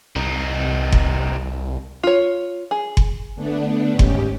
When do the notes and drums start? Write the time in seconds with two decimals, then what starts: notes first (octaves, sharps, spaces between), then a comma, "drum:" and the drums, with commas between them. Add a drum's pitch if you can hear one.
0.16 C2 C3 D#4
0.92 drum: kick F#1
2.03 F4 C#5
2.71 G#4
2.97 drum: kick F#1
3.36 D3 A3 B3 D4
3.90 D#2 G#2 C#4 G4
3.99 drum: kick F#1